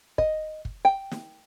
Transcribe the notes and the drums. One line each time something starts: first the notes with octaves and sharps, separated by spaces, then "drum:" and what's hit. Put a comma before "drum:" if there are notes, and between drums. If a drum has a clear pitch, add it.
D#5, drum: kick
drum: kick
G5
drum: snare